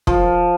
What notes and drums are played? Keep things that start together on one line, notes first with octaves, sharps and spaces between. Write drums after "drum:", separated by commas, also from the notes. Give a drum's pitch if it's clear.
F3, drum: kick